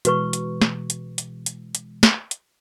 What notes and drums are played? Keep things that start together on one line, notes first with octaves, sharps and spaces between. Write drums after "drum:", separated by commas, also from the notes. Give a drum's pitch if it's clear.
B2 E3 G#3 F#4 B4 C#6, drum: hi-hat
drum: hi-hat
drum: snare
drum: hi-hat
drum: hi-hat
drum: hi-hat
drum: hi-hat
drum: snare
drum: hi-hat